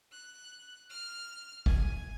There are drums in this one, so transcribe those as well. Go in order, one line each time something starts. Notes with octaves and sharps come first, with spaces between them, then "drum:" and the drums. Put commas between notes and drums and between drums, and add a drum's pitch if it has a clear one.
F#6
F6
G#5, drum: kick